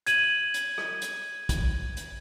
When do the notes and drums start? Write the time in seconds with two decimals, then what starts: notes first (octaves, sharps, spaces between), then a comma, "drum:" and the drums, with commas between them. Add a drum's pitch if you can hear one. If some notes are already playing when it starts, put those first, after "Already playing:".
0.07 G#6 D#7 F#7, drum: hi-hat
0.54 drum: hi-hat
0.78 drum: rim click
1.02 drum: hi-hat
1.49 drum: kick, hi-hat
1.97 drum: hi-hat